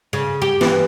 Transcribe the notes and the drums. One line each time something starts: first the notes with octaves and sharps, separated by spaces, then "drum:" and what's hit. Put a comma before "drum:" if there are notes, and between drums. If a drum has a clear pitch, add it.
C#3
G4
E3, drum: snare